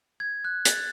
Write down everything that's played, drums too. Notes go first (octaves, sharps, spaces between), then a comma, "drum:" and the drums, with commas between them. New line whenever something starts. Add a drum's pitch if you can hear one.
G#6
F#6
A6, drum: hi-hat